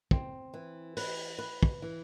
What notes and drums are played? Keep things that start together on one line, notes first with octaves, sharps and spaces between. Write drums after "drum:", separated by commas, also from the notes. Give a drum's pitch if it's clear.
C4, drum: kick
E3
B4, drum: open hi-hat
B4
drum: kick
E3